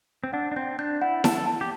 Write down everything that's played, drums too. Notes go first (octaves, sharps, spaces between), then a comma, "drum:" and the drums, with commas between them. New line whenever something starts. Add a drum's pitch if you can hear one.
C4
D4 F#5
D4
C4 G6
D4 G6
E4 F#5
A4 A5, drum: snare E4
A5
G4